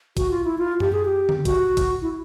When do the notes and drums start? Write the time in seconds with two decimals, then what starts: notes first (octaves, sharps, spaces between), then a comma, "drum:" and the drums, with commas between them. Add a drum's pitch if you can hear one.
0.17 F#4, drum: kick, hi-hat
0.31 F4
0.44 E4
0.58 F4
0.80 G4, drum: tom F#2
0.92 G#4
1.05 G4
1.29 drum: tom D3
1.45 F#4, drum: kick, hi-hat
1.77 drum: kick, hi-hat
2.02 E4